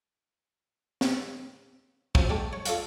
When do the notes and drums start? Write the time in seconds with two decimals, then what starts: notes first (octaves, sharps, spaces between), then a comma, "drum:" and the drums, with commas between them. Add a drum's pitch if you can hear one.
1.01 drum: snare
2.15 F3 F#3 C#4, drum: kick
2.30 A2 A3 G4 D5
2.53 C#5
2.65 F4 A4 D5 F5 F#5, drum: hi-hat